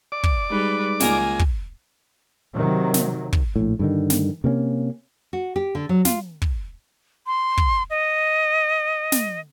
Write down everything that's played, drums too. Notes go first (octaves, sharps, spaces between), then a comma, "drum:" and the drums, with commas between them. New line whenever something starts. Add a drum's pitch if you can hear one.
D5 D6
drum: kick
G3 G#3 D#4 G#4 B4
C#2 A#3 G#5 A#5, drum: snare
drum: kick
C3 D#3 F#3
drum: snare
drum: kick
A#1 A2
G2 D3 D#3
drum: snare
C3 A#3 C4 C#4
F#4
G4
D3
F#3
F4, drum: snare
drum: kick
C6
drum: kick
D#5
drum: snare